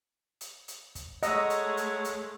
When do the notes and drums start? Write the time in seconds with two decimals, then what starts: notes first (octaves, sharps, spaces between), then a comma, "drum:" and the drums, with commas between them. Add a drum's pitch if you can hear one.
0.41 drum: hi-hat
0.68 drum: hi-hat
0.95 drum: kick, hi-hat
1.23 G#3 A3 C#5 D#5 F#5 A#5 E6, drum: hi-hat
1.50 drum: hi-hat
1.77 drum: hi-hat
2.05 drum: hi-hat